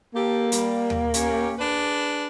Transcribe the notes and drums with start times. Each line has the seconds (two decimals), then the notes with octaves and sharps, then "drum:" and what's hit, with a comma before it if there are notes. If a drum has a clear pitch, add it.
0.15 A#3 G4 A4
0.52 G3, drum: hi-hat
0.90 drum: tom
1.14 C#4 G4, drum: hi-hat
1.59 D4 G#4 B4